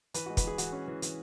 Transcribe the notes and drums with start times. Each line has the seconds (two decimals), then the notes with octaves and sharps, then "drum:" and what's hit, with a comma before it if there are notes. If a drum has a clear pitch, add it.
0.14 E3 B4, drum: hi-hat
0.26 G#3 F#4
0.37 B4, drum: kick, hi-hat
0.44 E3 G#4
0.58 E3 F#4, drum: hi-hat
0.72 C#4
0.88 E3
1.02 E3, drum: hi-hat